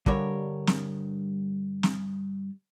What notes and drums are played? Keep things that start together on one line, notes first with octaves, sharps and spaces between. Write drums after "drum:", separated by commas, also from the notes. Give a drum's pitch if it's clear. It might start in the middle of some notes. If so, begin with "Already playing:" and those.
G2 D3 G3 A#4 C#5, drum: kick
drum: snare
drum: snare